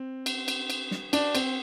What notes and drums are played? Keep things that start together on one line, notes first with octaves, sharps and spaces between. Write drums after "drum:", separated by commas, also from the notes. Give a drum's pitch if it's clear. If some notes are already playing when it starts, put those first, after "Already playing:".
Already playing: C4
drum: cymbal
drum: cymbal
drum: cymbal
drum: snare
D4, drum: cymbal
C4, drum: cymbal